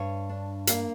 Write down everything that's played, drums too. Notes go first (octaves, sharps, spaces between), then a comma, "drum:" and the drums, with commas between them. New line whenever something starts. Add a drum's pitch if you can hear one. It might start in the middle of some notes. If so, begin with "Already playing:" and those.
Already playing: G2 C#5
D4
A#3 F5, drum: hi-hat